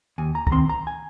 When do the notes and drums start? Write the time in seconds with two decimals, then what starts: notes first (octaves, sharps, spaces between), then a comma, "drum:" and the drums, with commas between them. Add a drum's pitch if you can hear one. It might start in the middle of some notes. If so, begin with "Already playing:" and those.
0.18 D#2 G#5
0.35 A#5
0.47 A#5, drum: kick
0.52 D#3 C4 C6
0.69 A#5
0.87 G#5